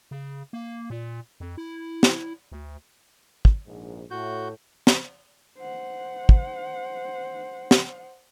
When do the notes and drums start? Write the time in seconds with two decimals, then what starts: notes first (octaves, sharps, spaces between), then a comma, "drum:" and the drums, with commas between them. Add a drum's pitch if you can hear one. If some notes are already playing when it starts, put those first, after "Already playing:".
0.11 C#3
0.53 A#3
0.90 A#2
1.40 F2
1.58 E4
2.03 drum: snare
2.52 D2
3.45 drum: kick
3.67 A#1 G#2
4.11 A2 F#4 G6
4.87 drum: snare
5.58 C5 F#5
6.29 drum: kick
7.71 drum: snare